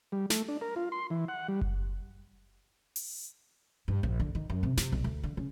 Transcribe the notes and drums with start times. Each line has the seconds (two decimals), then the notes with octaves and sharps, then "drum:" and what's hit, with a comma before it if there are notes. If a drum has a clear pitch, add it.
0.12 G3
0.30 A3, drum: snare
0.48 D4
0.61 A#4
0.76 F4
0.92 C6
1.10 E3
1.28 F#5
1.48 G3
1.61 drum: kick F#1
2.96 drum: open hi-hat
3.88 G2
4.03 A#1
4.20 D3
4.35 D#3
4.50 F#2
4.63 C3
4.77 C3, drum: snare
4.92 B1
5.04 D2
5.23 D3
5.37 C#3